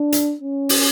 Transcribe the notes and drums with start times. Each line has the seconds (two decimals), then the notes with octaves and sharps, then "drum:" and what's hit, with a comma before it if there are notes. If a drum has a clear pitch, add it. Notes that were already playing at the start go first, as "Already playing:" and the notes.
Already playing: D4
0.12 drum: hi-hat
0.41 C#4
0.69 drum: open hi-hat